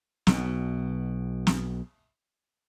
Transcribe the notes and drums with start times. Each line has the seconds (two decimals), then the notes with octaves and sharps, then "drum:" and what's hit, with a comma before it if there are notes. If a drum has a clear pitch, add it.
0.27 B1 B2, drum: snare
1.47 drum: snare